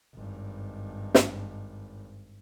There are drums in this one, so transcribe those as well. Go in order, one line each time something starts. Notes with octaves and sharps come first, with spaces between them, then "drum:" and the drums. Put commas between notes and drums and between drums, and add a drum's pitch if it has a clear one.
G#1 G2
drum: snare